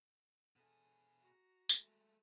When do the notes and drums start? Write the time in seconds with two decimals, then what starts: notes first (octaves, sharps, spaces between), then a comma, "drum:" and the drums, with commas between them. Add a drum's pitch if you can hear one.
0.56 B2 G#4 A4
1.20 F#4 A#5
1.69 G#3 A3, drum: tambourine